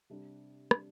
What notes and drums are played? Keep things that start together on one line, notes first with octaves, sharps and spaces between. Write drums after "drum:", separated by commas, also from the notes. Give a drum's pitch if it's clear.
C3 G3 D4
C3 G3 D4, drum: rim click